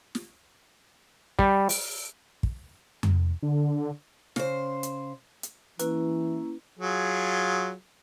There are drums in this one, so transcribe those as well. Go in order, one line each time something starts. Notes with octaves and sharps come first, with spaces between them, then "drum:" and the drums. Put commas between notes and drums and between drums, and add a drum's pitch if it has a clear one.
drum: snare
G3, drum: kick
drum: open hi-hat
drum: kick
drum: tom F2
D3
C#3 C5, drum: snare
drum: hi-hat
drum: hi-hat
E3 A#3 C#4 E4 B4, drum: hi-hat
F#3 F4 G#4